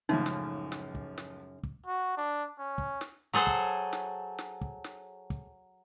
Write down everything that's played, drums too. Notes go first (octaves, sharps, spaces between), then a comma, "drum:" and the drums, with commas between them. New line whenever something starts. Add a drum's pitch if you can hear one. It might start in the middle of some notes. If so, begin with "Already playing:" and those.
C#2 F#2 A2 C#3 F3 D#4
drum: snare
drum: snare
drum: kick
drum: snare
drum: kick
F#4
D4
C#4
drum: kick
drum: snare
F#3 G#4 A4 C5
drum: kick, hi-hat
drum: snare
drum: snare
drum: kick
drum: snare
drum: kick, hi-hat